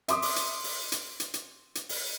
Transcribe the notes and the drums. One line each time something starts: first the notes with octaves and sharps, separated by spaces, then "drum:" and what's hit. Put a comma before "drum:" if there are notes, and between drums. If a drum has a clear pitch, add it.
E5 C6 D6 D#6, drum: hi-hat
drum: open hi-hat
drum: hi-hat
drum: open hi-hat
drum: hi-hat
drum: hi-hat
drum: hi-hat
drum: hi-hat
drum: open hi-hat